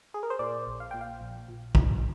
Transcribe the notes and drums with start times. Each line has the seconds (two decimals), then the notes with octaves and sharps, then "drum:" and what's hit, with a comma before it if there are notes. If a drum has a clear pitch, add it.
0.14 G#4
0.23 A#4
0.30 C5
0.39 A#2 D5
0.67 A#1
0.80 F5
0.91 A#2 G5
1.01 F5
1.21 A#1
1.48 A#2
1.75 A#1, drum: kick